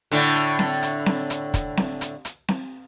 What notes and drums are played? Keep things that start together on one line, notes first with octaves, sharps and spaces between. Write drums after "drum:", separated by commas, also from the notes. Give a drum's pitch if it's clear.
A2 D3, drum: hi-hat
drum: hi-hat
drum: snare C4
drum: hi-hat
drum: snare C4
drum: hi-hat
drum: kick, hi-hat
drum: snare C4
drum: hi-hat
drum: hi-hat
drum: snare C4